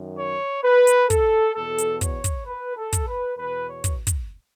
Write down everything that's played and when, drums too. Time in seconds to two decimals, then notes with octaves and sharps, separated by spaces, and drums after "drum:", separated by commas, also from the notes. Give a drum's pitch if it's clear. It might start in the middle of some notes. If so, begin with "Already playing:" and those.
Already playing: F#2 D#3
0.19 C#5
0.64 B4
0.87 drum: hi-hat
1.10 A4, drum: kick, hi-hat
1.56 E2 B2 A4
1.79 drum: hi-hat
2.01 C#5, drum: kick, hi-hat
2.24 drum: kick, hi-hat
2.47 B4
2.77 A4
2.93 drum: kick, hi-hat
3.08 B4
3.38 E2 B2 B4
3.69 C#5
3.84 drum: kick, hi-hat
4.07 drum: kick, hi-hat